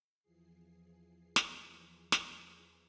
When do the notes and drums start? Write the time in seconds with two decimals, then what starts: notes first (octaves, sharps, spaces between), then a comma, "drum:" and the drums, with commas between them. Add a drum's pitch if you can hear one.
0.22 E2 E3 F3 G#4 C7
1.36 drum: snare
2.12 drum: snare